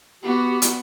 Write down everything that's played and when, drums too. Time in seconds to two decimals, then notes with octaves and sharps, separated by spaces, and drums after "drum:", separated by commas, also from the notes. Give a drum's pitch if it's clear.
0.23 B3 F#4 G4
0.62 drum: hi-hat